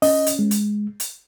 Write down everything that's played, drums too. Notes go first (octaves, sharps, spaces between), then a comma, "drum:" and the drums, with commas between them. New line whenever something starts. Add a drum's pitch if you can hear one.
C#4 D#5, drum: open hi-hat
drum: hi-hat
G#3
drum: hi-hat
drum: hi-hat